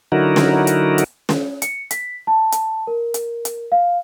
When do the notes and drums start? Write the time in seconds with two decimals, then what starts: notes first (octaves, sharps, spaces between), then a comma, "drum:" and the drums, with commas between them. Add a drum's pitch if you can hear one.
0.12 D3 F#3 D#4 E4 F#4 A#4
0.36 drum: snare
0.67 drum: hi-hat
0.98 drum: hi-hat
1.29 drum: snare
1.62 C#7, drum: hi-hat
1.91 B6, drum: hi-hat
2.27 A5
2.52 drum: hi-hat
2.87 A#4
3.14 drum: hi-hat
3.45 drum: hi-hat
3.72 F5